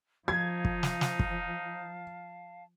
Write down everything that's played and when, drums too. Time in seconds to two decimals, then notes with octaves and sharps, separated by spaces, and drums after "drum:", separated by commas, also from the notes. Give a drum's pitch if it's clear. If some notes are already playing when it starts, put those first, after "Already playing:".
0.28 F3 D#4 F5 A5 G#6
0.65 drum: kick
0.83 drum: snare
1.01 drum: snare
1.19 drum: kick